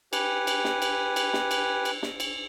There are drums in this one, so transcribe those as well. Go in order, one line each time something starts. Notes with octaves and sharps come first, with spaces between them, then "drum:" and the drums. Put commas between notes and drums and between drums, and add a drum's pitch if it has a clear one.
G4 B4 G#5, drum: cymbal
drum: cymbal
drum: snare
drum: cymbal
drum: cymbal
drum: snare
drum: cymbal
drum: cymbal
drum: snare
drum: cymbal